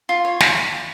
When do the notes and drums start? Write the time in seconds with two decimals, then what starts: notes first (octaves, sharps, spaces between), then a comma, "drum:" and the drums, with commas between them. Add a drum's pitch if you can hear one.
0.09 F4
0.25 C#5
0.40 drum: snare